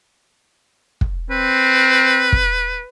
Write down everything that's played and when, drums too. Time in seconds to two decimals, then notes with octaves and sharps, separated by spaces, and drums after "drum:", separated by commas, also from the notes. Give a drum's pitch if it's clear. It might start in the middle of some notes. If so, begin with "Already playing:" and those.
1.01 drum: kick
1.31 C4 B4
2.32 drum: kick